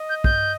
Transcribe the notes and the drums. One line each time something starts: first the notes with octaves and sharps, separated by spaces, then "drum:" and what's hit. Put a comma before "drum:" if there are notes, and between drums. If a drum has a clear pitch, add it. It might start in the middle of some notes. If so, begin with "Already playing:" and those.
Already playing: D#5
G6
G6, drum: kick